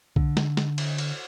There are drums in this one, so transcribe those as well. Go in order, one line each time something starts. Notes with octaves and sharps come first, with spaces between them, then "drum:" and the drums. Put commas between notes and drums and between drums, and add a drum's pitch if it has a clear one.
D3, drum: kick B1
drum: snare
drum: snare
drum: cymbal
drum: cymbal